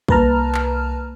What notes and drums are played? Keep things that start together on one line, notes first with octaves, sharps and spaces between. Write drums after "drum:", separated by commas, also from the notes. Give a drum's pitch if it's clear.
C2 A#3 B4 A5 A#5 F6, drum: kick
drum: clap